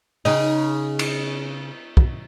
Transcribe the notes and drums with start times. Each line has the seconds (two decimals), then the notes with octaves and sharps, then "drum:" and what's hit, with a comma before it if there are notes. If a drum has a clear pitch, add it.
0.25 C#3 D#4, drum: open hi-hat
0.99 drum: cymbal
1.97 drum: kick